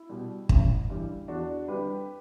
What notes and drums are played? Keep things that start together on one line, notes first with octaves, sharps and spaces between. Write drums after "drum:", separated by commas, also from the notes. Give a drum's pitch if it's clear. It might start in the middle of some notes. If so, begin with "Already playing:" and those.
Already playing: E4
B2 G3
A1, drum: kick
G2 E3 G3
E2 D4 F#4
D3 G3 G4 B4